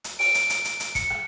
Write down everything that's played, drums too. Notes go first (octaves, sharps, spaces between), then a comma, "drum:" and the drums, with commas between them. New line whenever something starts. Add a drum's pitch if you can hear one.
drum: hi-hat
D7, drum: open hi-hat
drum: hi-hat
drum: hi-hat
drum: hi-hat
drum: hi-hat
C#7, drum: kick, hi-hat
drum: rim click